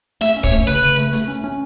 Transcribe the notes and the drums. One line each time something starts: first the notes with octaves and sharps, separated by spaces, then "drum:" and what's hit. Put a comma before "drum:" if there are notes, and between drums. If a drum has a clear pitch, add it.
A3 E5, drum: hi-hat
C#4
C#5, drum: kick, hi-hat
A3
C#3 B4, drum: hi-hat
C#3
A3
A3, drum: hi-hat
C#4
C#4